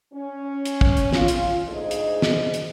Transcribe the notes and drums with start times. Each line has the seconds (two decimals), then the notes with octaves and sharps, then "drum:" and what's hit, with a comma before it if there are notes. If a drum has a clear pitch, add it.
0.13 C#4
0.65 drum: hi-hat
0.81 drum: kick
0.97 drum: hi-hat
1.13 F4, drum: snare
1.28 drum: hi-hat
1.68 D2 G#2 G#4 D#5
1.91 drum: hi-hat
2.22 drum: snare
2.54 drum: hi-hat